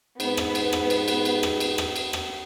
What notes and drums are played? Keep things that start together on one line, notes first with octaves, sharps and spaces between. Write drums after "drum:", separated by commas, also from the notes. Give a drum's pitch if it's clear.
G#2 B3, drum: cymbal
drum: rim click
drum: cymbal
drum: rim click
drum: cymbal
drum: cymbal
drum: cymbal
drum: rim click
drum: cymbal
drum: rim click
drum: cymbal
drum: rim click